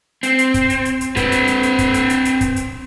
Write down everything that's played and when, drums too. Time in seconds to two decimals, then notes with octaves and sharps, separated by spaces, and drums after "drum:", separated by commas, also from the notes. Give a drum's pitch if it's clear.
0.23 C4, drum: hi-hat
0.39 drum: hi-hat
0.54 drum: kick, hi-hat
0.70 drum: hi-hat
0.85 drum: hi-hat
1.01 drum: hi-hat
1.17 C4 B4, drum: kick, hi-hat
1.32 drum: hi-hat
1.47 drum: hi-hat
1.63 drum: hi-hat
1.79 drum: kick, hi-hat
1.94 drum: hi-hat
2.10 drum: hi-hat
2.25 drum: hi-hat
2.41 drum: kick, hi-hat
2.56 drum: hi-hat